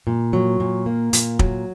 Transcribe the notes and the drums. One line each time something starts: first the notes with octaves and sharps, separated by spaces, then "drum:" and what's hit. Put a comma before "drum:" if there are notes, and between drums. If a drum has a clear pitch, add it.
A#2
F#3
A#2
A#3
A#2, drum: hi-hat
F#3, drum: kick